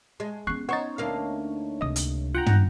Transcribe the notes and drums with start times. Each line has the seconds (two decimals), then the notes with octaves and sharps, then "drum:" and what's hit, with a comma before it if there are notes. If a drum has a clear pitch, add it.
0.20 G#3
0.47 B3 C#4 C#6 F#6 C7
0.69 D#4 C5 C#5 F#5 C#6 A6
0.98 D2 A#3 F5
1.81 C#2 C3 D#5 D#6
1.96 drum: hi-hat
2.35 F4 F#5 G5 A#5
2.46 drum: tom